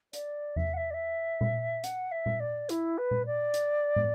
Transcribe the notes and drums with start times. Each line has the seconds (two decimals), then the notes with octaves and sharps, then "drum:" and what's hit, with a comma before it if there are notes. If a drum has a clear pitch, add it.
0.13 D5, drum: hi-hat
0.56 E5, drum: tom E2
0.73 F#5
0.76 E5
0.90 D5
0.93 E5
1.41 drum: tom A#2
1.84 F#5, drum: hi-hat
2.11 E5
2.26 drum: tom A#2
2.40 D5
2.69 E4, drum: hi-hat
2.98 B4
3.11 drum: tom A#2
3.26 D5
3.54 drum: hi-hat
3.96 drum: tom